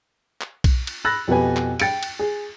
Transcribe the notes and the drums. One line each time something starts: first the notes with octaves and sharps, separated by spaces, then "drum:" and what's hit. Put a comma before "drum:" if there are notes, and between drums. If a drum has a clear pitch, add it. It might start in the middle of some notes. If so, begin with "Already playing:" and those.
drum: clap
drum: kick B1, cymbal
drum: cymbal
B5 E6 F#6 A6 A#6
F2 B2 G4 B4 G#5
drum: clap
G5 A6 C#7 D7, drum: cymbal
drum: cymbal
G#4